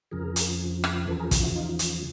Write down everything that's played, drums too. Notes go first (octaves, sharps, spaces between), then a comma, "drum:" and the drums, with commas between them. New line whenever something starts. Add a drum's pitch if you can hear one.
F2 C#3 F3 G#4 A#4
drum: hi-hat
drum: rim click
E2 C#3 F3 A4 B4
G#4 A#4
F4 G4, drum: kick, hi-hat
E4 F#4
D#4 F4
drum: hi-hat